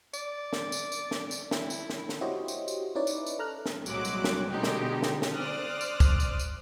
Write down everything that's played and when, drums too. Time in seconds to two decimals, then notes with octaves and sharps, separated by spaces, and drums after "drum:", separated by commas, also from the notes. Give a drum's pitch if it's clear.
0.14 D5, drum: tambourine
0.53 drum: snare
0.72 drum: tambourine
0.92 drum: tambourine
1.11 drum: snare
1.31 drum: tambourine
1.51 E4, drum: snare
1.70 drum: tambourine
1.90 drum: snare
2.09 drum: snare
2.21 E4 F#4 G4 C5 C#5 D#5
2.48 drum: tambourine
2.68 drum: tambourine
2.95 C#4 D#4 E4 B4 C#5 D5
3.07 drum: tambourine
3.26 drum: tambourine
3.39 A4 A#5 F6 F#6
3.66 drum: snare
3.86 C2 A#2 F#3 G#3 D6 F#6, drum: tambourine
4.05 drum: tambourine
4.24 drum: snare
4.50 B2 D3 G#3 D#4 G4
4.63 drum: snare
5.03 drum: snare
5.22 drum: snare
5.34 C5 D5 D#6 F6 F#6
5.81 drum: tambourine
6.00 drum: kick, tambourine
6.20 drum: tambourine
6.39 drum: tambourine